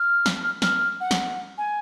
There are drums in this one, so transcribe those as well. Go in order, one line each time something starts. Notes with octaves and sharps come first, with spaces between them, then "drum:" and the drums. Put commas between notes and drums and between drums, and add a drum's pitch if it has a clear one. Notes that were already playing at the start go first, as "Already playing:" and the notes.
Already playing: F6
drum: snare
F6
F6, drum: snare
F#5
drum: snare
G#5